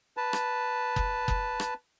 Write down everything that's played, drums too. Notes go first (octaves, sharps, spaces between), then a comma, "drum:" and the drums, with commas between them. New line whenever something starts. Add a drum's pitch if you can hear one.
B4 A5
drum: rim click
drum: kick F#1
drum: kick F#1
drum: rim click